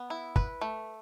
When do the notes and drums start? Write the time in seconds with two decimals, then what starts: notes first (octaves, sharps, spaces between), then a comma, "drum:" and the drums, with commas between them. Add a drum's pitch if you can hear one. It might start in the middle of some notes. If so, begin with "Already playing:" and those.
Already playing: B3
0.10 E4
0.36 B4, drum: kick
0.61 A3